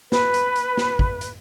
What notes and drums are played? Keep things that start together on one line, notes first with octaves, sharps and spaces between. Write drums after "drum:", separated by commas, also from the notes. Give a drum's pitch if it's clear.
B4, drum: snare
drum: hi-hat
drum: hi-hat
drum: snare
drum: kick
drum: hi-hat